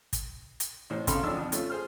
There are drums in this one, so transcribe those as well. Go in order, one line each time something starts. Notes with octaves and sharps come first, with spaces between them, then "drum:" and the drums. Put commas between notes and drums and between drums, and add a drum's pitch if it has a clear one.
drum: kick, hi-hat
drum: hi-hat
A1 A2 C5
F#2 C#3 A4 F5 B5 C6, drum: kick, hi-hat
G#1 F2 C#4 D4 A5 E6
F2 F4 D#6
A3 C#4 F4, drum: hi-hat
G#4 C5 F6